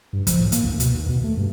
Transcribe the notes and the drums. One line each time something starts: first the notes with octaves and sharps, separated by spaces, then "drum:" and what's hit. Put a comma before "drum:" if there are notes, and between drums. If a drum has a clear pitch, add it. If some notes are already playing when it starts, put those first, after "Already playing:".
G2
F3, drum: kick, hi-hat
A2
A#3, drum: hi-hat
D2
B2, drum: hi-hat
D#2
B2
A3
G2